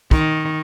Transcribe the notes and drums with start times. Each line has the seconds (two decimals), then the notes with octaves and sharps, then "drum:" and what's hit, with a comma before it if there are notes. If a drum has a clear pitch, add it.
0.11 D#3, drum: kick